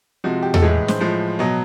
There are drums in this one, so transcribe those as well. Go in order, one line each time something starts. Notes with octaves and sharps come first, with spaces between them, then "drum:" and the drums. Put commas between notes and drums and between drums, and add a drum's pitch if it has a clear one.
C3 F3 G#3 F#4
G4
A4, drum: tom E2
A2 E3 G#3 G#4
C5, drum: snare
A2 F3 G#3
B2 F#3 D#5